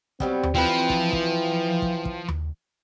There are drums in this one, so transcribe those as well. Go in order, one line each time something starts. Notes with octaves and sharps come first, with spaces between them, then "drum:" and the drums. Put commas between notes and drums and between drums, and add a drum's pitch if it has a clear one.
F#3 G3 B3 C4, drum: kick
drum: tom D#2
E3 F3 C4 B4
drum: kick
drum: kick
drum: kick
drum: kick
drum: tom D#2